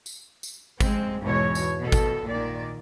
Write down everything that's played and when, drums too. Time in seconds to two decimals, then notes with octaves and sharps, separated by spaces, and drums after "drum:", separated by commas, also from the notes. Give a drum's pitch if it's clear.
0.06 drum: tambourine
0.43 drum: tambourine
0.80 G#3 C4, drum: kick G#1, tambourine
1.23 E2 G#2 B2 E3 G#3 C#5
1.55 drum: tambourine
1.81 B2 A4
1.92 drum: kick G#1, tambourine
2.26 A#2 D#3 D5